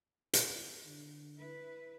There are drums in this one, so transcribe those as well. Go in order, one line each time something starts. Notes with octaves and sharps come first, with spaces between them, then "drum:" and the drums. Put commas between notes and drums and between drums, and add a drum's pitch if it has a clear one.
drum: hi-hat
D3
E4 B4